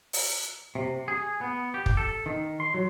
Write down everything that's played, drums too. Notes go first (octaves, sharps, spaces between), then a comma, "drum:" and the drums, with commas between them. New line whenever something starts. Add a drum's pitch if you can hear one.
drum: open hi-hat
C3
G#4
B3
G4
drum: kick
A4
D#3
C6
F#3